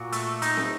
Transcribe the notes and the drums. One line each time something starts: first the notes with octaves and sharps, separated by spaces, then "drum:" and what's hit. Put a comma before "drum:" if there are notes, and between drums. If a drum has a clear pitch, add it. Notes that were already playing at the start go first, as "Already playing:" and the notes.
Already playing: A#2 F#4
A3, drum: hi-hat
D#4, drum: hi-hat
drum: snare